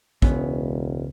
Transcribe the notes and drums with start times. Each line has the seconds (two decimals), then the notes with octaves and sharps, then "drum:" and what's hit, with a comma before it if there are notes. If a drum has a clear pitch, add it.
0.22 E1 C#2 B3 C#4, drum: kick